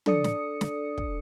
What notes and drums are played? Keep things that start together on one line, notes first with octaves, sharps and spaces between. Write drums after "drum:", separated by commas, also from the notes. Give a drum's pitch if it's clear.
D4 A4 D5 D#6 C#7, drum: tom
drum: snare
drum: snare
drum: kick